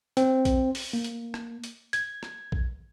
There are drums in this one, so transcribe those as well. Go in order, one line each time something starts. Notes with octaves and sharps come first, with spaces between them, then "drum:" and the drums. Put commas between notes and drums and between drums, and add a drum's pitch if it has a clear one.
C4, drum: hi-hat
drum: kick A#1, hi-hat
drum: open hi-hat
A#3
drum: hi-hat
drum: rim click
drum: hi-hat
G#6, drum: hi-hat
drum: rim click
drum: kick A#1